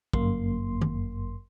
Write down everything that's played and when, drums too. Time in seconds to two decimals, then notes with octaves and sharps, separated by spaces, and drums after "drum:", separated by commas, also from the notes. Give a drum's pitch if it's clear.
0.13 G1 F#2 A#3 C6, drum: kick
0.81 drum: tom